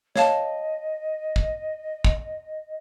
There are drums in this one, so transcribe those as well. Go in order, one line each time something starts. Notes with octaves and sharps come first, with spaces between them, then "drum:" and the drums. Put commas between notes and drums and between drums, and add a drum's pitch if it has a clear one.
C#5 D#5 F5 A5, drum: snare
drum: kick
drum: kick